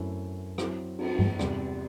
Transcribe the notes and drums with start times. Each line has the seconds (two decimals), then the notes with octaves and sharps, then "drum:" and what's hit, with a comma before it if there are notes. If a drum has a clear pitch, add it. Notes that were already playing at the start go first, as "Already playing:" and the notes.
Already playing: F#2 F#3 A3 C4 E4
0.58 F#3 C4 E4, drum: rim click
0.99 drum: cymbal
1.19 drum: tom G2
1.39 E2 C3 G3, drum: rim click